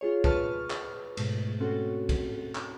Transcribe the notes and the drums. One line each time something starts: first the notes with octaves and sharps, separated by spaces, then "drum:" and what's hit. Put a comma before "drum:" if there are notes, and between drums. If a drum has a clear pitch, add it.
F4 G#4 C#5
B4 A5 C#6 F6, drum: kick
drum: clap
G#2 B2 A3, drum: cymbal
C4 C#4 F#4 A4
drum: kick, cymbal
drum: clap